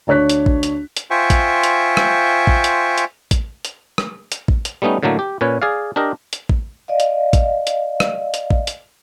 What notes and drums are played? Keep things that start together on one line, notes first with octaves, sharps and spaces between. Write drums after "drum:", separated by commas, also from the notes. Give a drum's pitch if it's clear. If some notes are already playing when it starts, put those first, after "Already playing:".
D2 D4 C#5 F#6 B6
drum: hi-hat
drum: kick
drum: hi-hat
drum: hi-hat
F4 C5 E5 G5 G#5 C#6
drum: kick, hi-hat
drum: hi-hat
drum: rim click
drum: kick
drum: hi-hat
drum: hi-hat
drum: kick, hi-hat
drum: hi-hat
drum: rim click
drum: hi-hat
drum: kick
drum: hi-hat
G3 A3 B3 C#4 D#4
A2 D3 F#3 A3 A#3
G4
A#2 C#4 B4 C#5
G#4 D5 F5
D4 G4 A#4 D#5
drum: hi-hat
drum: kick
D5 D#5 F5
drum: hi-hat
drum: kick, hi-hat
drum: hi-hat
drum: rim click
drum: hi-hat
drum: kick
drum: hi-hat